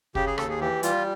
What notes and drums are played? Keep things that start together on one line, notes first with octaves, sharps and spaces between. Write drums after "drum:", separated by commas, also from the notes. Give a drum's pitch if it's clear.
C#3 G4, drum: kick
G#4
D#2 A4, drum: rim click
G#4
E3 G4
G3 F4, drum: hi-hat